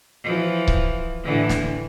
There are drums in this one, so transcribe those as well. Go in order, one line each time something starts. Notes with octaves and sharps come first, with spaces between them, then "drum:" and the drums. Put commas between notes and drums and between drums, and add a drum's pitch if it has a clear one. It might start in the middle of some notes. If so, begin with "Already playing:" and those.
E3 F3
drum: kick C#1
A2 D3 E3
drum: snare